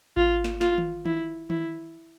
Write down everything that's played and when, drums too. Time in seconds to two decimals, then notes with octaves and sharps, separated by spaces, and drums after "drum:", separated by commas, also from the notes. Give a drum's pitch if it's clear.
0.17 F4, drum: kick G#1
0.44 drum: snare
0.61 F4, drum: snare
0.78 drum: tom D#3
1.06 E4, drum: tom D#3
1.50 E4, drum: tom D#3